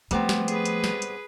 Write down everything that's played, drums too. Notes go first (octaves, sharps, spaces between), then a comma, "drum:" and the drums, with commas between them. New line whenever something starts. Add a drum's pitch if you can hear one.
F3 G3 A3 B3 C4, drum: hi-hat
drum: snare
G#4 B4, drum: hi-hat
drum: hi-hat
drum: snare
drum: hi-hat